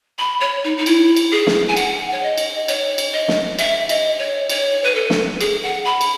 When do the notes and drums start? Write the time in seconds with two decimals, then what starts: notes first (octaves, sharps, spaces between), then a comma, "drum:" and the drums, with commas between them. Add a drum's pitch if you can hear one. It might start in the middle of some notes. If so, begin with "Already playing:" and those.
0.18 B5
0.40 C#5
0.64 D#4
0.77 D#4
0.86 E4, drum: cymbal
1.16 drum: cymbal
1.32 G#4
1.47 drum: snare
1.68 G#5
1.77 F#5, drum: cymbal
2.12 C#5
2.23 D#5
2.38 drum: cymbal
2.68 C#5, drum: cymbal
2.98 drum: cymbal
3.13 D#5
3.28 drum: snare
3.59 E5, drum: cymbal
3.89 D#5, drum: cymbal
4.19 C#5
4.49 C#5, drum: cymbal
4.84 B4
4.95 A4
5.10 drum: snare
5.41 G#4, drum: cymbal
5.63 F#5
5.85 B5
6.01 drum: cymbal